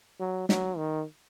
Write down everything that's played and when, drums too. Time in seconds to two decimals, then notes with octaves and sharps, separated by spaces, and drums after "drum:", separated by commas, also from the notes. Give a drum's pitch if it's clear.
0.20 F#3
0.49 F#3, drum: snare
0.77 D#3